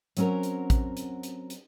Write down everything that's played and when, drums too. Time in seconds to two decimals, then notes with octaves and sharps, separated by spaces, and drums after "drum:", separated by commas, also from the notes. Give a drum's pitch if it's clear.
0.17 F#3 C4 C#4 F#4 A#4, drum: hi-hat
0.43 drum: hi-hat
0.70 drum: kick A1, hi-hat
0.97 drum: hi-hat
1.23 drum: hi-hat
1.50 drum: hi-hat